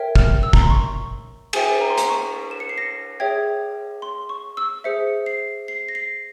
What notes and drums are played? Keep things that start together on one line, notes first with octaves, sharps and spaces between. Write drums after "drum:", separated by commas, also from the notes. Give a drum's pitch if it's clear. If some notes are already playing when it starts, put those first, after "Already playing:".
Already playing: A#4 C#5 E5 G5
F6, drum: kick
E6
A#5, drum: kick
C6
C#6
G#4 C5 E5 G5 G#5, drum: cymbal
A#5
C6
A#5, drum: hi-hat
C#6
E7
C#7
C7
A#6
G#4 C#5 E5 G5 G#6
C6
C#6
E6
G#4 C5 E5 C#7
C7
C7
A#6
C7